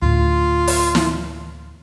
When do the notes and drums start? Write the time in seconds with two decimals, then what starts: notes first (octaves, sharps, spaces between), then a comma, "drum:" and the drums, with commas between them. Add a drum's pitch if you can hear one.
0.02 D2 A2 F4
0.67 drum: open hi-hat
0.95 drum: snare